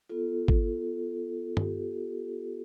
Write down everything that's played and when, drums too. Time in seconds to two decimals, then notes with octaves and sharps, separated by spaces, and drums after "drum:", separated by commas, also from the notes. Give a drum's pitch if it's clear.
0.09 B3 F4 A4
0.48 drum: kick
1.57 G4, drum: tom G2